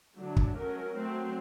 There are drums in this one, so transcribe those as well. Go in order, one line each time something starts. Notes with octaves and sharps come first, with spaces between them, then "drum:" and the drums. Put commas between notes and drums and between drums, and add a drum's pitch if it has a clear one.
D3 F#3 A3 D4
drum: kick
F#3 A3 C#4 A#4
F#3 A3 C4